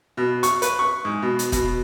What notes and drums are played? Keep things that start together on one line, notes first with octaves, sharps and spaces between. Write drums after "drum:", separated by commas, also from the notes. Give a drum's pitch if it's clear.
B2
C#6, drum: hi-hat
B4, drum: hi-hat
C#6
G#2
B2
drum: hi-hat
B2, drum: kick, hi-hat